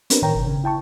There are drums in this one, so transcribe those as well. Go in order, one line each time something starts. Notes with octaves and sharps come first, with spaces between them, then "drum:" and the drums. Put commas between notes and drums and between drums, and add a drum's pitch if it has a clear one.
B3 C4 D4 G4 A#4 B4, drum: hi-hat
A2 D#3 A#4 C#5 G5 A#5
G1 B2
C#3
E4 G5 A5 C#6